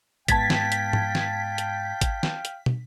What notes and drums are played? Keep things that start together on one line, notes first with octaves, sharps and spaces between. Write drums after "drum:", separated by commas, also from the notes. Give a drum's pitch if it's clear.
G#2 B3 F5 G5 A5 G#6 A6 B6, drum: kick G#1, hi-hat
drum: snare
drum: hi-hat
drum: tom G#2
drum: snare
drum: hi-hat
drum: kick G#1, hi-hat
drum: snare
drum: hi-hat
drum: tom